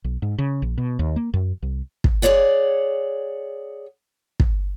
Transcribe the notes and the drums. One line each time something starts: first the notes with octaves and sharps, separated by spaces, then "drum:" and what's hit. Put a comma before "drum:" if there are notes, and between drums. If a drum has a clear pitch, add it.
B1
G#2
C#3
A#1
B2
D#2
A#3
F#2
C2
drum: kick
G#4 A4 C#5 D5 F#5
drum: kick